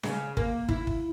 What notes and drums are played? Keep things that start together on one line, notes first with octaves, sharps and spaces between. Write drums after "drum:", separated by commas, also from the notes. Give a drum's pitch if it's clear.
C#3, drum: snare C#4
A#3, drum: kick
E4, drum: kick
drum: kick